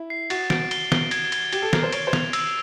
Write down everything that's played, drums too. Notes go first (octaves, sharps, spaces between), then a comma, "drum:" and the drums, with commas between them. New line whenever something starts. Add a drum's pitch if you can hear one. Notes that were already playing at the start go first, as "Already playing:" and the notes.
Already playing: E4
C7
F#4 A6, drum: cymbal
D7, drum: snare
G7, drum: cymbal
G7, drum: snare
G#6, drum: cymbal
G#6, drum: cymbal
G4 G#6, drum: cymbal
A4
A#4 C7, drum: snare
C5
C#5 D7, drum: cymbal
C5
F7, drum: snare
E6, drum: cymbal